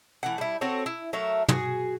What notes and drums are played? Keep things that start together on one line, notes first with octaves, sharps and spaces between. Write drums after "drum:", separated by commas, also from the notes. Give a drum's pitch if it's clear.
E3 A3 F#5
G3 E4
C4 F#4 A4 C#5
E4
F#3 A3 A#4 E5
F#4 G#4, drum: tom